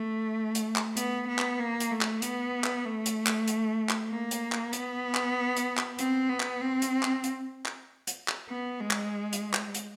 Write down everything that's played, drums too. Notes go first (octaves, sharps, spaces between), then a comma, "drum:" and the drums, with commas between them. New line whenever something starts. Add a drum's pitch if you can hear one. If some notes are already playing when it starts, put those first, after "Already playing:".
Already playing: A3
drum: hi-hat
drum: clap
B3, drum: hi-hat
B3
drum: clap
A#3
drum: hi-hat
A3
drum: clap
B3, drum: hi-hat
drum: clap
A3
drum: hi-hat
drum: clap
drum: hi-hat
drum: clap
A#3
drum: hi-hat
drum: clap
B3, drum: hi-hat
drum: clap
drum: hi-hat
drum: clap
C4, drum: hi-hat
B3
drum: clap
C4
drum: hi-hat
drum: clap
drum: hi-hat
drum: clap
drum: hi-hat
drum: clap
B3
G#3
drum: clap
drum: hi-hat
drum: clap
drum: hi-hat